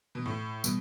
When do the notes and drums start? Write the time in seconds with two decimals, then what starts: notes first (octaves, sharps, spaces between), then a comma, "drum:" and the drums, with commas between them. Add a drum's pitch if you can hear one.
0.15 B2
0.26 A2
0.64 B2 G3 B3, drum: tambourine